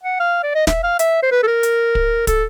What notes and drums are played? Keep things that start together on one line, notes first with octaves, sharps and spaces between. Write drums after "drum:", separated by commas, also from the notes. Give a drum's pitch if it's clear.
F#5
F5
D5
D#5
E5, drum: snare
F5
E5, drum: hi-hat
C5
B4
A4
A#4
drum: hi-hat
drum: kick
A4, drum: kick, hi-hat